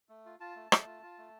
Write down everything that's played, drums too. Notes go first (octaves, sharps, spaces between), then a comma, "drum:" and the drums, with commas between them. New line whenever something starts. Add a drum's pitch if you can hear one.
A3
F4
F4 A5
A3
A3, drum: rim click
F4
F4
A3